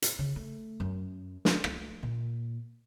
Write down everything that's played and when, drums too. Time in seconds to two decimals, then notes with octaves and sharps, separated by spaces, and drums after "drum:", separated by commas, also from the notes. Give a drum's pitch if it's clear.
0.02 drum: hi-hat
0.19 C#3
0.36 A3
0.80 F#2
1.45 drum: snare
1.64 A3, drum: rim click
2.03 A#2